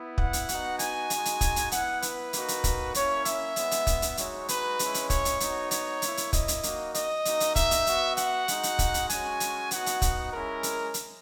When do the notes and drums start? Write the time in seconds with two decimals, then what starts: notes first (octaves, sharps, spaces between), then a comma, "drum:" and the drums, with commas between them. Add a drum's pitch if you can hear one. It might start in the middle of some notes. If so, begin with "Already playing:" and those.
Already playing: B3 E4
0.18 F#5, drum: kick
0.33 drum: hi-hat
0.49 B3 D#4 F#4, drum: hi-hat
0.79 G#5, drum: hi-hat
1.10 G#3 D#4 F#4, drum: hi-hat
1.25 drum: hi-hat
1.41 drum: kick, hi-hat
1.56 drum: hi-hat
1.72 B3 E4 F#5, drum: hi-hat
2.02 B4, drum: hi-hat
2.33 A#3 D#4 F#4, drum: hi-hat
2.48 drum: hi-hat
2.64 drum: kick, hi-hat
2.94 A#3 C#4 E4 C#5, drum: hi-hat
3.25 E5, drum: hi-hat
3.56 G#3 B3 E4, drum: hi-hat
3.71 drum: hi-hat
3.87 drum: kick, hi-hat
4.02 drum: hi-hat
4.17 G#3 D#4 F#4 C#5, drum: hi-hat
4.48 B4, drum: hi-hat
4.79 G#3 C#4 E4, drum: hi-hat
4.94 drum: hi-hat
5.10 C#5, drum: kick, hi-hat
5.25 drum: hi-hat
5.40 B3 D#4 F#4, drum: hi-hat
5.71 C#5, drum: hi-hat
6.02 A#3 E4, drum: hi-hat
6.17 drum: hi-hat
6.33 D#5, drum: kick, hi-hat
6.48 drum: hi-hat
6.63 A#3 D#4 F#4, drum: hi-hat
6.94 D#5, drum: hi-hat
7.25 A#3 D#4 F#4, drum: hi-hat
7.40 drum: hi-hat
7.56 E5, drum: kick, hi-hat
7.71 drum: hi-hat
7.87 B3 F#4, drum: hi-hat
8.17 F#5, drum: hi-hat
8.48 G#3 D#4 F#4, drum: hi-hat
8.63 drum: hi-hat
8.79 drum: kick, hi-hat
8.94 drum: hi-hat
9.09 G#3 C#4 F#4 G#5, drum: hi-hat
9.40 drum: hi-hat
9.71 B3 D#4 F#4 F#5, drum: hi-hat
9.86 drum: hi-hat
10.02 drum: kick, hi-hat
10.32 G#3 C#4 E4 A#4
10.63 drum: hi-hat
10.94 drum: hi-hat